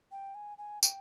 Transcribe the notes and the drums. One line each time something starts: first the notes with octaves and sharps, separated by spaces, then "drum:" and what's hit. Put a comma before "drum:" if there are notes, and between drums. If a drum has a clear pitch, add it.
G5
G#5
G#5
G5, drum: tambourine